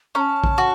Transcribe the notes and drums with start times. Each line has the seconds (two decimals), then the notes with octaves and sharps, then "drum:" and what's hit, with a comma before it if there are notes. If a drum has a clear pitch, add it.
0.15 C#4 A5 A#5
0.44 drum: kick A#1
0.58 F#4